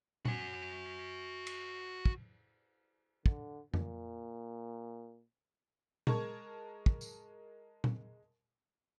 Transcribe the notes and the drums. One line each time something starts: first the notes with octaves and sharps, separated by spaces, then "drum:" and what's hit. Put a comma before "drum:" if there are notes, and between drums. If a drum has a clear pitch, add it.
F#4 G#5, drum: tom A#2
drum: cymbal
drum: kick
D3, drum: kick
A#2, drum: tom F2
G#3 A#4 A5 C#6 G#6, drum: tom A#2
drum: kick
drum: tambourine
drum: tom A#2